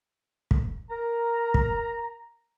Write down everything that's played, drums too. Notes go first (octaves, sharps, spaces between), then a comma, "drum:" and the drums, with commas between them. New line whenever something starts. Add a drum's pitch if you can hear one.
drum: kick
A#4 A#5
drum: kick